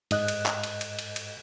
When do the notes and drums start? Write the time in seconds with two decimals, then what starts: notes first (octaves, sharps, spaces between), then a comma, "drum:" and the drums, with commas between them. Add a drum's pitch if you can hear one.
0.11 G#2 D#5 F#6, drum: cymbal
0.28 drum: cymbal
0.46 drum: clap
0.63 drum: cymbal
0.81 drum: cymbal
0.99 drum: cymbal
1.16 drum: cymbal